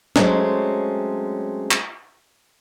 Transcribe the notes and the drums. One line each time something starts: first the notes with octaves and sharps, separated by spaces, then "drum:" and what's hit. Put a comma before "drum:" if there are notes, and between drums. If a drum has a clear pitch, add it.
F#3 G#3 A3 C4 C#4, drum: snare
drum: clap